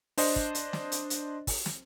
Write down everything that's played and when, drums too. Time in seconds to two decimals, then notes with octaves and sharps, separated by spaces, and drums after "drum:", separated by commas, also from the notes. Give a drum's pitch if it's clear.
0.18 D4 C5 D#5, drum: open hi-hat
0.36 drum: kick
0.55 drum: hi-hat
0.73 drum: snare
0.92 drum: hi-hat
1.10 drum: hi-hat
1.47 drum: kick, open hi-hat
1.66 drum: snare